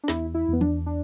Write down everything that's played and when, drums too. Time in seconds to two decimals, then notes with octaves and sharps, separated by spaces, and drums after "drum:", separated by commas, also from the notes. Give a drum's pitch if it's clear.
0.03 D4
0.08 E2 E4, drum: snare
0.34 E4
0.48 E2 B3
0.61 D4, drum: tom
0.86 D4